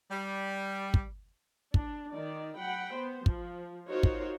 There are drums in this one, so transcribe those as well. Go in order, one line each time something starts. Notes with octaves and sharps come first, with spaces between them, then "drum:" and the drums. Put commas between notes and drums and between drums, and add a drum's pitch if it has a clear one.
G3
drum: kick
D4, drum: kick
D#3 D#4 D5
F#3 F#5 G5 B5
B3 C5
F3, drum: kick
D#4 F4 F#4 A#4 C5 C#5
drum: kick